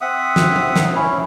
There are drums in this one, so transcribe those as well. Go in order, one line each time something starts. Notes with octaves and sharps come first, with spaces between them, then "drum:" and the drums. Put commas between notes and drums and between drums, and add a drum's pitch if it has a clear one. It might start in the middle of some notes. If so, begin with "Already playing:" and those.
C4 E5 F#5 D#6
drum: snare
drum: tom F3
drum: snare
C#4 E4